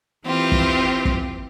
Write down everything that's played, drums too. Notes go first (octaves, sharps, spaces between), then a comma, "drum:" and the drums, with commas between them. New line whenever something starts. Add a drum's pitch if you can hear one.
E3 C4 F4 G4
drum: kick
drum: kick